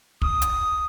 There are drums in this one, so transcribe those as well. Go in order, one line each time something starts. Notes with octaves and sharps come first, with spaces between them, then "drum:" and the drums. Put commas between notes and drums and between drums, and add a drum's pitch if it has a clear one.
D#6, drum: kick
drum: hi-hat